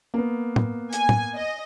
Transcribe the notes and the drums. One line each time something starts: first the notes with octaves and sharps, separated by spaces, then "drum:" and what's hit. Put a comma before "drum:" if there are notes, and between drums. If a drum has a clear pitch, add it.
A#3 B3
drum: tom
G#5, drum: hi-hat
drum: tom
D#5